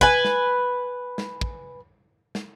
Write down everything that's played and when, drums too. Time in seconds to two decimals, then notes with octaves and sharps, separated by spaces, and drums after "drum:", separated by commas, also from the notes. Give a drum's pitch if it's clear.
0.01 B4 G#5, drum: kick
0.25 drum: snare
1.18 drum: snare
1.41 drum: kick
2.35 drum: snare